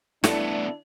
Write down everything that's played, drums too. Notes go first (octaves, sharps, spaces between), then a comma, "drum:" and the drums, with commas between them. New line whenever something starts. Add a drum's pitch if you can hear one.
A3 B3 D4 E4 A4 D5, drum: snare